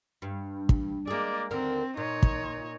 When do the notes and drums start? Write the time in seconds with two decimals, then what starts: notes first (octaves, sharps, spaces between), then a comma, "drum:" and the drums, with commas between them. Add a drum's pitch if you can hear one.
0.22 G2
0.69 drum: kick
1.07 G#3 A#3 G#4 D5
1.51 D#2 D3 C4 A#4
1.97 A#2 D#4 C#5
2.23 drum: kick